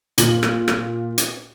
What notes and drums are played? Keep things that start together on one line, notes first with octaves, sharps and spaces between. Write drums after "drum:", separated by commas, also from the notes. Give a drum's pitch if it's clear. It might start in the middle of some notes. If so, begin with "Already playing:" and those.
A#2 F#7, drum: hi-hat
drum: rim click
drum: rim click
drum: hi-hat